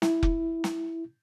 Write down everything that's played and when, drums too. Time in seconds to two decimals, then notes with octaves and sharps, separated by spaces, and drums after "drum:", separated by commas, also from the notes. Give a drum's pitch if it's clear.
0.02 E4, drum: snare
0.23 drum: kick F1
0.64 drum: snare